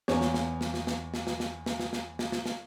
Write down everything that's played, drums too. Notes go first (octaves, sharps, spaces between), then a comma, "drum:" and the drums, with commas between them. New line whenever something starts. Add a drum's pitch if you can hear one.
E2 C#5, drum: snare
drum: snare
drum: snare
drum: snare
drum: snare
drum: snare
drum: snare
drum: snare
drum: snare
drum: snare
drum: snare
drum: snare
drum: snare
drum: snare
drum: snare